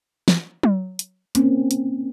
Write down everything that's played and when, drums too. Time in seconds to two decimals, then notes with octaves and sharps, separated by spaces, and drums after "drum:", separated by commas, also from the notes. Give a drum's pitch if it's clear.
0.28 drum: snare
0.63 drum: tom F#3
0.99 drum: hi-hat
1.35 A#3 C4 C#4, drum: hi-hat
1.71 drum: hi-hat